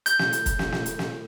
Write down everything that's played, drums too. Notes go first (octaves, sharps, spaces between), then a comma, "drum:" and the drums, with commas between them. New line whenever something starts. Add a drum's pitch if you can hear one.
G6, drum: hi-hat
drum: snare
drum: hi-hat
drum: kick E1, hi-hat
drum: snare
drum: snare
drum: hi-hat
drum: snare